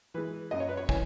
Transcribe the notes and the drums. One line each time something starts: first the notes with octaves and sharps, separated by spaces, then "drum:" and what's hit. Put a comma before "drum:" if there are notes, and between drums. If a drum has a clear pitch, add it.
E3 G#3 B4
F#2 D#5
C#5
B4
C#5
E3 G#5, drum: kick